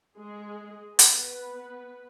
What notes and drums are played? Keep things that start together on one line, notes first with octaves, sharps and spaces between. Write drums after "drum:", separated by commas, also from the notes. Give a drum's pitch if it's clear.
G#3 G#4
B3 B4, drum: hi-hat